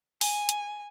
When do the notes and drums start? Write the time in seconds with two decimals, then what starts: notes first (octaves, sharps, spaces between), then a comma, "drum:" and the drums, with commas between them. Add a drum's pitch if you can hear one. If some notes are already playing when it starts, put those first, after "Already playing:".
0.21 G#5, drum: open hi-hat
0.49 drum: hi-hat